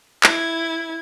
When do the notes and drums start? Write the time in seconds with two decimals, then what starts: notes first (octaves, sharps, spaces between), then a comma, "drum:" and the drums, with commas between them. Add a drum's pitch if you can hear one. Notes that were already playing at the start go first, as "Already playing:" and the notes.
0.23 E4 G#6, drum: clap